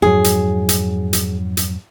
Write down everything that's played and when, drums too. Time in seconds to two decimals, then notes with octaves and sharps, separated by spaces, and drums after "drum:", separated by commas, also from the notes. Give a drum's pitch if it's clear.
0.02 F2 G#2 F#3 G#4
0.24 drum: hi-hat
0.69 drum: hi-hat
1.13 drum: hi-hat
1.57 drum: hi-hat